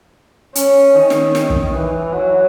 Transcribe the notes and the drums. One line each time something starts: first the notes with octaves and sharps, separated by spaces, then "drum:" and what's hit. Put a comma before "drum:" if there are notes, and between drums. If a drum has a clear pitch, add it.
C#4, drum: hi-hat
D#3
drum: snare
drum: snare
drum: kick
E3
F#3